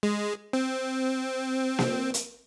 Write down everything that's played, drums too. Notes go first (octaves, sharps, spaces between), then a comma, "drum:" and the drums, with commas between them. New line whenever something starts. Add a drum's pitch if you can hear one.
G#3
C4
drum: snare A#3
drum: hi-hat